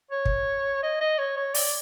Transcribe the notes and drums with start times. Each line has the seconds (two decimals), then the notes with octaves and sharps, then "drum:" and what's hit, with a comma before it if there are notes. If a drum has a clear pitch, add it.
0.11 C#5
0.25 drum: kick
0.83 D#5
1.01 D#5
1.19 C#5
1.37 C#5
1.54 D5, drum: open hi-hat